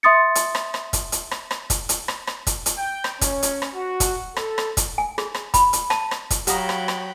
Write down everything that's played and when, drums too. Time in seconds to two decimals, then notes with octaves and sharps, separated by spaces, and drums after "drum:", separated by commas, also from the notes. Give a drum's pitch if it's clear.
0.03 E5 C6 D#6 A6 C#7
0.35 drum: hi-hat
0.55 drum: rim click
0.74 drum: rim click
0.93 drum: kick, hi-hat
1.12 drum: hi-hat
1.31 drum: rim click
1.51 drum: rim click
1.70 drum: kick, hi-hat
1.89 drum: hi-hat
2.08 drum: rim click
2.27 drum: rim click
2.47 drum: kick, hi-hat
2.66 drum: hi-hat
2.78 G5
3.04 drum: rim click
3.21 C#4, drum: kick, hi-hat
3.43 drum: hi-hat
3.62 drum: rim click
3.75 F#4
4.00 drum: kick, hi-hat
4.36 A4, drum: rim click
4.58 drum: rim click
4.77 drum: kick, hi-hat
4.98 G#5
5.18 G#4, drum: rim click
5.34 drum: rim click
5.54 B5, drum: kick, hi-hat
5.73 drum: hi-hat
5.90 A5, drum: rim click
6.11 drum: rim click
6.30 drum: kick, hi-hat
6.47 F#3 F#4 G4 F5 G5 A#5 B5 D#6, drum: hi-hat
6.69 drum: rim click
6.88 drum: rim click